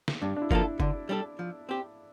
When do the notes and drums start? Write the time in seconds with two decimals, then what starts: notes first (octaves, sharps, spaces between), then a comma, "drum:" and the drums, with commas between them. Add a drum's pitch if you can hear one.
0.08 drum: snare
0.21 G2 D4
0.36 D4
0.42 E4
0.51 F3 A#3 F4 A4, drum: kick F#1
0.60 E4
0.80 D3 D5, drum: kick F#1
1.09 G3 D4 A4
1.39 F3
1.69 C4 G4